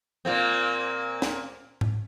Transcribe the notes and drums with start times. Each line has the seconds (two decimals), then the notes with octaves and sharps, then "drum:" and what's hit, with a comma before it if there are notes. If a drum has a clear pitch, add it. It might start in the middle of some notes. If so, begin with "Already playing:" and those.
0.25 A#2 A#3 C4
1.22 drum: snare
1.81 drum: tom G#2